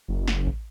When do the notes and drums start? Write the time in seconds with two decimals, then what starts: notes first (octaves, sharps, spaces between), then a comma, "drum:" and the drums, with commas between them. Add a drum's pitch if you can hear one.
0.08 F#1
0.28 drum: snare
0.47 drum: kick A1